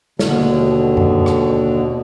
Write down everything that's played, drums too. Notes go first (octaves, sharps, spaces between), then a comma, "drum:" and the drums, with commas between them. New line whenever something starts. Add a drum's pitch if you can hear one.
D#2 B2 D3, drum: snare
drum: tom F#2
drum: rim click